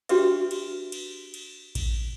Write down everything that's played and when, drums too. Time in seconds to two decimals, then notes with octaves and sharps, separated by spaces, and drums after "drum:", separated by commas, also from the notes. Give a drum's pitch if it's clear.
0.09 D4 F#4 G4 B4 E5, drum: cymbal
0.51 drum: cymbal
0.92 drum: cymbal
1.34 drum: cymbal
1.75 drum: kick A1, cymbal